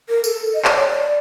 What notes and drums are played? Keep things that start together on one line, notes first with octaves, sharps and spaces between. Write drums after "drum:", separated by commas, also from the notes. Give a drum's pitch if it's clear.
A#4
A4, drum: tambourine
D#5
D5, drum: clap
C#5
D5